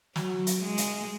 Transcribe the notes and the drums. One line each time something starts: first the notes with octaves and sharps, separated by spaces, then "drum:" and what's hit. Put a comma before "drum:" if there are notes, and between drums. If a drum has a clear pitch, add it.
F#3, drum: snare
drum: hi-hat
G#3
drum: hi-hat